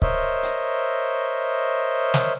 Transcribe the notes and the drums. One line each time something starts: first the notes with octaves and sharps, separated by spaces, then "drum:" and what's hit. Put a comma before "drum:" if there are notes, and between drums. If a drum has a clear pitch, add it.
A#4 C5 C#5 D#5 E5, drum: kick C#1
drum: hi-hat
drum: snare